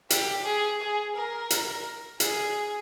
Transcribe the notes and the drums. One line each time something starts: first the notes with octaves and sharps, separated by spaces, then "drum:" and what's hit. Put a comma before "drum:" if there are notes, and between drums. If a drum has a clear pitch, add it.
G4, drum: hi-hat
G#4
G#4
A#4
drum: hi-hat
G#4, drum: hi-hat